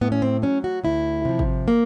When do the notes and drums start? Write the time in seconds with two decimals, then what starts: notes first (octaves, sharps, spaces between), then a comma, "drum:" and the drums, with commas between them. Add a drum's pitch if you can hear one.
0.01 A2 B3
0.12 C#4
0.22 C4
0.42 F#3 C#4
0.64 F#4
0.84 D2 E4
1.25 C3 F3
1.39 drum: kick G#1
1.68 A#3